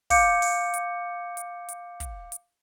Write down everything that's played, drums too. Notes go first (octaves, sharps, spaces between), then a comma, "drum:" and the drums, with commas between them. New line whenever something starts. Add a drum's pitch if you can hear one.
F5 D6 G6 C#7, drum: kick, open hi-hat
drum: open hi-hat
drum: hi-hat
drum: hi-hat
drum: hi-hat
drum: kick, hi-hat
drum: hi-hat